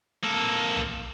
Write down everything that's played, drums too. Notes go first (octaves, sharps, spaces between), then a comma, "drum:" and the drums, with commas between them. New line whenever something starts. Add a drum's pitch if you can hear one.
A#3 A4
drum: tom